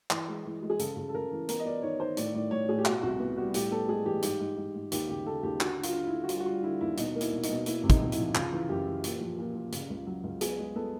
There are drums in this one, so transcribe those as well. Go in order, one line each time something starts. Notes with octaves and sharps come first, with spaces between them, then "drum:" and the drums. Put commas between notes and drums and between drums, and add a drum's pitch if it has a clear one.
E3, drum: clap
G#3
E3
G#3
G#4
C#3 A4, drum: hi-hat
C#3
A4
C#3 A#4
E3
B3 A#4, drum: hi-hat
D#5
B3 D5
D#3 C#5
D#3 C5
A2 D5, drum: hi-hat
A2 D5
A2 C#5
A2 G#4
G4
B2 F#4, drum: clap
C2 F#4
B3
G3 F#4
A2 G4, drum: hi-hat
B3 A4
G#3 G#4
E3 G4
G#2 G4, drum: hi-hat
G#2
G#2
G#2
D#2 G4, drum: hi-hat
C#3 G4
C#3 A4
D#2 G4
D3 F#4, drum: clap
D3
F4, drum: hi-hat
D3
E4
D3
F#4
G3 F4, drum: hi-hat
F#4
G3 F4
D3 E4
D#2 E4
B2 D#4, drum: hi-hat
A#3
E4, drum: hi-hat
B2
D#4, drum: hi-hat
B2
A#3 E4, drum: hi-hat
C3
D#4, drum: kick, hi-hat
C#2
E4, drum: hi-hat
F3
C#3 F4, drum: clap
E3
F#2 G4
E3
A#2, drum: hi-hat
F3
A#2
A#2
C#3, drum: hi-hat
C#2
F#3
C#2
B3 G#4, drum: hi-hat
G#3
B3 A4